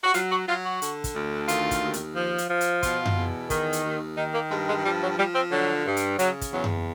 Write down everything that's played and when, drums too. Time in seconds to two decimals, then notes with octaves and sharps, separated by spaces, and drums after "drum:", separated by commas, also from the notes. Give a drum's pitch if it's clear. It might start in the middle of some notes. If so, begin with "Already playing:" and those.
0.04 F#4
0.14 F#3 F4, drum: hi-hat
0.31 F#4
0.48 F#3 F4
0.65 F#4
0.82 D3, drum: hi-hat
1.04 drum: kick, hi-hat
1.15 D2
1.48 D#3 F4, drum: hi-hat
1.71 drum: kick, hi-hat
1.83 D#2
1.93 drum: hi-hat
2.16 F3
2.38 drum: hi-hat
2.49 F3
2.61 drum: hi-hat
2.83 B2 F4, drum: kick, hi-hat
3.05 drum: tom F#2
3.17 E2
3.50 D#3, drum: kick, hi-hat
3.73 drum: hi-hat
3.84 D#2
4.17 D#3 D#4
4.34 A#3
4.50 G2 G#3
4.68 G#3
4.85 F3 G3
5.01 F#3
5.18 F3 G3
5.35 C4
5.51 D3 F#3
5.86 G2
5.97 drum: hi-hat
6.19 C#3 F#3, drum: hi-hat
6.41 drum: kick, hi-hat
6.53 E2 F#3
6.64 drum: tom F#2